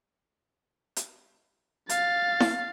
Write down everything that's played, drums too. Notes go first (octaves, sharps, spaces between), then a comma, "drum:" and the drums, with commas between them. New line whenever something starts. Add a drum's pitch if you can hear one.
drum: hi-hat
F5 A6, drum: hi-hat
drum: snare E4